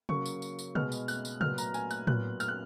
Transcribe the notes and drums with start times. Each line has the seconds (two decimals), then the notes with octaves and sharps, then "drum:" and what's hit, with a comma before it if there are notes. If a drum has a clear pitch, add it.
0.09 C#3 F#3 A#3 C#6, drum: tom C3
0.26 drum: tambourine
0.42 drum: tambourine
0.59 drum: tambourine
0.75 B2 G#3 B3 F6, drum: tom C3
0.92 drum: tambourine
1.08 F#6, drum: tambourine
1.25 drum: tambourine
1.41 A#2 F#3 B3 F6, drum: tom C3
1.58 A#5, drum: tambourine
1.74 G#5, drum: tambourine
1.91 F#6, drum: tambourine
2.07 A#2 F#3 B3 F#6, drum: tom A2
2.40 F6, drum: tambourine
2.48 F#6